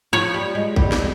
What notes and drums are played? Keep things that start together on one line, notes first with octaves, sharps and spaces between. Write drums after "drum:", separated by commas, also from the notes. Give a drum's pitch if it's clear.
F3 C#5
G3
G#3
G3, drum: kick G#1
drum: snare